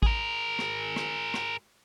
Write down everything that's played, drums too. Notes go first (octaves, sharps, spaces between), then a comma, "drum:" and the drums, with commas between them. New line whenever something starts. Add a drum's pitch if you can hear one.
G#4 A#4, drum: kick A1
drum: rim click
drum: rim click
drum: rim click